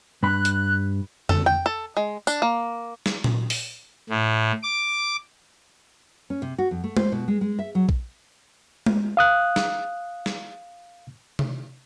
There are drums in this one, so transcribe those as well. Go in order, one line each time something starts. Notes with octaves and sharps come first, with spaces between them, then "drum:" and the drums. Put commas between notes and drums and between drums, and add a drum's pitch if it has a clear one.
G2 B5 F#6
drum: hi-hat
A4, drum: tom
G5
A4
G#3
D4, drum: tambourine
A#3
drum: snare
drum: tom A#2
drum: open hi-hat
A2
D6
C#4
C3
F#4
F2
A3
C5, drum: tom G#3
B2
G#3
G#3
E5
F#3
drum: kick A#1
drum: tom G#3
F5 D#6 F#6
drum: snare
drum: snare
drum: tom C3